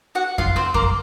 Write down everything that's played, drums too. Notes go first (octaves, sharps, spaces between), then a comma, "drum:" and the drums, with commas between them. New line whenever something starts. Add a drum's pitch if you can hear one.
F#4 F#5
F4 F5, drum: kick F2
C4 C5
A#3 A#4, drum: kick F2